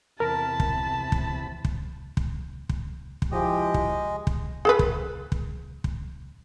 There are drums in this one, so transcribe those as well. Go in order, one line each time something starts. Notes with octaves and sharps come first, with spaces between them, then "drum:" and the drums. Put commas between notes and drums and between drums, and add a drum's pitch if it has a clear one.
E2 C3 A#4 A5 B5
drum: kick
drum: kick
drum: kick
drum: kick
drum: kick
drum: kick
F3 G#3 E4 G4 D#5
drum: kick
drum: kick
G#4 A4 B4
drum: kick
drum: kick
drum: kick